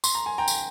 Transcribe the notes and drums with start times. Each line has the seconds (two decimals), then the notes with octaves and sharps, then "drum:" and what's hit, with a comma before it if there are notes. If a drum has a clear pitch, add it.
0.04 C6, drum: tambourine
0.15 A#5
0.26 G#5
0.38 G5 A#5
0.48 drum: tambourine